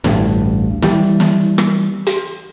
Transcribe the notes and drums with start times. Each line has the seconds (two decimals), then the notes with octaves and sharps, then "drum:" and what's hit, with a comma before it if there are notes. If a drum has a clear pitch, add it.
0.04 A1 D2 G2, drum: snare
0.82 E3 G3, drum: snare
1.20 drum: snare
1.58 drum: rim click
2.07 drum: hi-hat